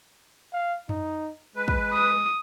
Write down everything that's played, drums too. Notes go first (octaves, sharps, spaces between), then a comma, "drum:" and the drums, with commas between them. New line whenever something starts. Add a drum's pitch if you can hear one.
F5
D#4, drum: tom F#2
G#3 B4
drum: kick
D#6